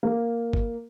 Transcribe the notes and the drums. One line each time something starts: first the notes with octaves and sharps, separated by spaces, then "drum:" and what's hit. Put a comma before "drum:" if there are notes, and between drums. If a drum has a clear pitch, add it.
A#3
drum: kick